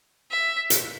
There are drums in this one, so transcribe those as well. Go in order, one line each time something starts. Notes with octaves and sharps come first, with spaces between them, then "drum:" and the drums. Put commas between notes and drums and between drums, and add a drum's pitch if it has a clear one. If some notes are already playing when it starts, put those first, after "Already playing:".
E5
drum: hi-hat